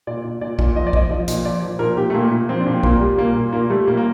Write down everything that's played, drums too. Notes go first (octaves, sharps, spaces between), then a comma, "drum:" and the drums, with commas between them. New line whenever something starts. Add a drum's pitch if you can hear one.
A#2 D5
A#2
A#2 D5
A#2 D5, drum: kick
F3 D#5
D5
F3 D#5, drum: kick
F3 D#5
A#2, drum: hi-hat
F3 D5
F3
A#2 A#4
A#2 G4
A3
A#2 A#3
A#2
F3 C4
D4
A#2
C4
A#2 A#3, drum: kick
G3
A#2 A#3
A#2
A#2 A#3
G3 A3
A#2 A#3
A#3